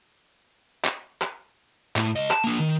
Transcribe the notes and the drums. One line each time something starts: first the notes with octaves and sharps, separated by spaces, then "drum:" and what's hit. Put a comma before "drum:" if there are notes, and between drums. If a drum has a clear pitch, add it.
drum: clap
drum: clap
A2, drum: clap
C#2 D#5
A5, drum: clap
A#3 D4
D#3